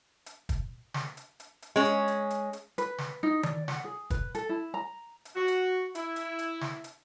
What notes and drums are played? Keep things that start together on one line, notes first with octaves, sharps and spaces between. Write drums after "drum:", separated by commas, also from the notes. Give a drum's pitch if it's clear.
drum: hi-hat
drum: kick, hi-hat
drum: snare
drum: hi-hat
drum: hi-hat
drum: hi-hat
G#3 C#4
drum: hi-hat
drum: hi-hat
drum: hi-hat
drum: hi-hat
B4, drum: hi-hat
drum: snare
D#4
D5, drum: tom D#3
F#5, drum: snare
G#4
B4, drum: kick, hi-hat
A4, drum: hi-hat
E4
A#5
drum: hi-hat
F#4
drum: hi-hat
E4, drum: hi-hat
drum: hi-hat
drum: hi-hat
drum: snare
drum: hi-hat